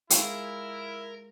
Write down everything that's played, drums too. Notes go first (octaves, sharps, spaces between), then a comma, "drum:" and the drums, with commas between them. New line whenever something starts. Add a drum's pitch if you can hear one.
G#3 E4 F4 G#4 A#4, drum: hi-hat